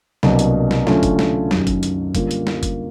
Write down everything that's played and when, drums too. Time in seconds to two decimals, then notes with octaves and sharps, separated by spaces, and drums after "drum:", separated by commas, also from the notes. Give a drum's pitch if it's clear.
0.23 C2 B2 F#3 A#3 D4, drum: snare
0.39 drum: hi-hat
0.71 drum: snare
0.87 D3 F#3 A3 C#4 F4, drum: snare
1.03 drum: kick F#1, hi-hat
1.19 drum: snare
1.51 F#2 D#3 F#3, drum: snare
1.67 drum: kick F#1, hi-hat
1.83 drum: hi-hat
2.15 D3 G3 A#3 C#4 F4, drum: kick F#1, hi-hat
2.31 drum: hi-hat
2.47 drum: snare
2.63 drum: kick F#1, hi-hat